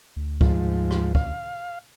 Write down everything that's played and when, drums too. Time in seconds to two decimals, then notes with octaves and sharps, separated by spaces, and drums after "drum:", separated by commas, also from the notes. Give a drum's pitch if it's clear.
0.16 D2
0.41 G#2 F3, drum: kick
0.91 drum: rim click
1.15 F5, drum: kick